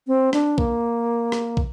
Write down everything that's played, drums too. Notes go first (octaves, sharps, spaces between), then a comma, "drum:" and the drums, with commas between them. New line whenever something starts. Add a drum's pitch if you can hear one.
C4
D4, drum: rim click
A#3, drum: kick
drum: rim click
drum: kick